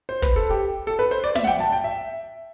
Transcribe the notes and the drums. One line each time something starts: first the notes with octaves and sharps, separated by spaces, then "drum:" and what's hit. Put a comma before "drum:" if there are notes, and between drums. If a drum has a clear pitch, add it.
C5
B4, drum: kick
A4
G4
A4
B4
C5, drum: hi-hat
D5
E5, drum: snare
F#5
G5
A5
G5
E5